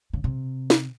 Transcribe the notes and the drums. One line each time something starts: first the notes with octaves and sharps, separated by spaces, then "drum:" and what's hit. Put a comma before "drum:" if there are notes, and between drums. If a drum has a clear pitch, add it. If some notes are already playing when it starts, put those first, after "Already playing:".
C#3
C3
drum: snare